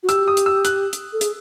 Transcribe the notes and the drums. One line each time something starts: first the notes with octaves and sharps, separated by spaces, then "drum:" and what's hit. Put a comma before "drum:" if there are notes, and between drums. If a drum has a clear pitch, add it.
F#4
G4 E6, drum: hi-hat
D#6
drum: hi-hat
E6
F#6, drum: hi-hat
drum: hi-hat
A4
G#4, drum: hi-hat